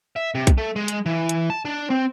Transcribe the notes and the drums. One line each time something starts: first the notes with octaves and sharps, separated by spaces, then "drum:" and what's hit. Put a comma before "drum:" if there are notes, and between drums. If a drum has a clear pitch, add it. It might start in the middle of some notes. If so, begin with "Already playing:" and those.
E5
C3
drum: kick B1, hi-hat
A3
G#3
drum: hi-hat
E3
drum: hi-hat
A5
D4
C4